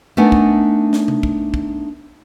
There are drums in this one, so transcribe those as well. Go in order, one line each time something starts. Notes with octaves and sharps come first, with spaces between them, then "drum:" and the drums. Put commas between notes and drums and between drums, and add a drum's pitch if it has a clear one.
A3 B3 D4 D#4 A#4 G#5
drum: kick
drum: snare
drum: tom C3
drum: kick
drum: kick